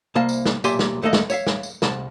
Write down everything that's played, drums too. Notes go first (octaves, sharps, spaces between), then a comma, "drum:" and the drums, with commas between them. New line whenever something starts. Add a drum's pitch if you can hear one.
C2 C3 A#3 F5 A5
drum: tambourine
drum: snare
B1 A#2 G4 E5 G#5 C6, drum: tambourine
drum: snare
D#2 A3 A#3 A4 D#5
drum: snare
C#5 E5 F5, drum: tambourine
drum: snare
drum: tambourine
C2 A5, drum: snare